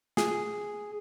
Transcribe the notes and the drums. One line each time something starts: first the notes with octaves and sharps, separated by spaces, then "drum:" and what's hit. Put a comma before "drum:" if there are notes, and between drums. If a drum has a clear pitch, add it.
G#4, drum: snare